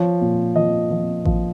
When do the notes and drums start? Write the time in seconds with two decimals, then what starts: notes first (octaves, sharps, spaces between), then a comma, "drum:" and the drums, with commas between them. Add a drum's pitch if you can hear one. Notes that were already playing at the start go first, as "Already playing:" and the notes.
Already playing: F3 C#5
0.21 A#2
0.56 F3 D#5
0.91 F3
1.25 F3, drum: kick A1